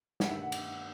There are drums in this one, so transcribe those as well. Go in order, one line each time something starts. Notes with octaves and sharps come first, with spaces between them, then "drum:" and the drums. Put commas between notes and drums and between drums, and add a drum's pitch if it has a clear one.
G2 D#3 A3 F#5, drum: snare
E5
F#5
drum: cymbal